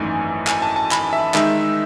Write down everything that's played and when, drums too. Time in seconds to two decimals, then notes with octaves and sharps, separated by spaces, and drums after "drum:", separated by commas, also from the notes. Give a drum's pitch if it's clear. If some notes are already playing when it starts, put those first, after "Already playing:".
Already playing: G#1 F#2 E3 A3 D#4 G#5
0.47 G#5, drum: clap
0.62 A5
0.76 A5
0.91 B5, drum: clap
1.13 E5
1.34 D#3 G#3 D#4 E5, drum: clap